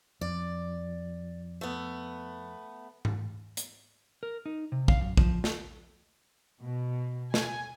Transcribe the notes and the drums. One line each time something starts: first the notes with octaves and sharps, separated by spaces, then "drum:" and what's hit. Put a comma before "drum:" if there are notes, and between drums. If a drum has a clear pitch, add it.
F2 D5
A3 B3
drum: tom G#2
drum: hi-hat
A#4
D#4
C3
F5, drum: kick
F#2
F3, drum: kick
drum: snare
B2
G#5, drum: snare